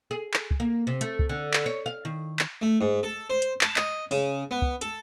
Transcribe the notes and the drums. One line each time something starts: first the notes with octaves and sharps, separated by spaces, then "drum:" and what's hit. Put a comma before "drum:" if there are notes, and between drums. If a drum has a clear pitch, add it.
G#4
drum: clap
drum: kick
A#3
C3
A3, drum: hi-hat
drum: kick
D3
drum: clap
C#5
F5
D#3
drum: clap
A3
G#2
A4
C5
drum: hi-hat
A5, drum: clap
D#5, drum: clap
C#3, drum: open hi-hat
B3
drum: kick
A4, drum: hi-hat